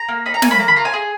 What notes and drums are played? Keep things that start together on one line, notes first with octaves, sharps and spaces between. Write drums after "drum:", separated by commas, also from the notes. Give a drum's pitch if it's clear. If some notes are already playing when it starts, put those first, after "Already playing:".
Already playing: A#5
A#3
D#4 B5
A#5
A#3 G#5, drum: snare
B5
A#3 A#5
B5
F4 A#5
G#5
G#4